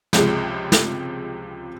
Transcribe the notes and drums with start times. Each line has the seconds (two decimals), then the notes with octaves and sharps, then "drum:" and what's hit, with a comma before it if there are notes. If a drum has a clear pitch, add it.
0.13 C#2 C3 F3 G#3, drum: snare
0.72 drum: snare